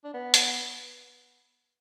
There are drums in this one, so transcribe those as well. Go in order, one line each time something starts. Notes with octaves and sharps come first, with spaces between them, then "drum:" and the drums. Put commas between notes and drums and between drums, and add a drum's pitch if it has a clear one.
D4
B3
drum: hi-hat